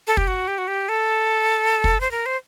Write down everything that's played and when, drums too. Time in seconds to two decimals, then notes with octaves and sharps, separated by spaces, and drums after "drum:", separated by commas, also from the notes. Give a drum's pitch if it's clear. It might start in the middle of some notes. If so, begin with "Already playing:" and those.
0.07 A4
0.17 G4, drum: kick
0.28 F#4
0.48 G4
0.58 F#4
0.68 G4
0.89 A4
1.84 drum: kick
2.01 C5
2.11 A#4
2.26 C5